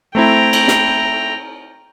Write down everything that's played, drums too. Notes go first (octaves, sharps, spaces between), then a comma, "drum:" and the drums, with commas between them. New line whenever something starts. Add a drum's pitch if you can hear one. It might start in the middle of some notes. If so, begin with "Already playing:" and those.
A3 C4 E4 G5 A#5
drum: cymbal
drum: snare